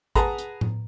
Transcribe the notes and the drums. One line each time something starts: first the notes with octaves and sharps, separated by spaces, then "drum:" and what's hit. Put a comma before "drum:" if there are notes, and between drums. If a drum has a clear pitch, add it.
G#4 B4 F#5 A5 A#5, drum: kick G#1, hi-hat
drum: hi-hat
drum: tom A2